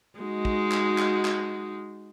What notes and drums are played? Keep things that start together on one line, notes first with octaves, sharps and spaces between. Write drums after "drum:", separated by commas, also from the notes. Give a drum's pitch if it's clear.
G#3 D#4 F#4
drum: kick
drum: clap
drum: clap
drum: clap